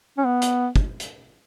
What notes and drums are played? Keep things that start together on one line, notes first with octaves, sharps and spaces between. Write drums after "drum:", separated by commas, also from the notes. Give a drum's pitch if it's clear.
C#4
B3
drum: hi-hat
drum: kick
drum: hi-hat